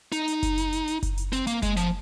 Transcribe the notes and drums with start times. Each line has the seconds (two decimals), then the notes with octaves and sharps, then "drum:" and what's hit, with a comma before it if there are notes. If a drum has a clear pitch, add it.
0.12 D#4, drum: hi-hat
0.28 drum: hi-hat
0.43 drum: kick F#1, hi-hat
0.58 drum: hi-hat
0.73 drum: hi-hat
0.88 drum: hi-hat
1.03 drum: kick F#1, hi-hat
1.18 drum: hi-hat
1.33 C4, drum: hi-hat
1.47 A#3, drum: hi-hat
1.62 G#3, drum: kick F#1, hi-hat
1.77 F3, drum: hi-hat